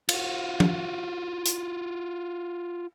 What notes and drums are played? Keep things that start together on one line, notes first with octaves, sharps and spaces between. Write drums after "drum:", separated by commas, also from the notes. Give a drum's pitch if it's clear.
F4 F#4, drum: cymbal
drum: tom F3
drum: hi-hat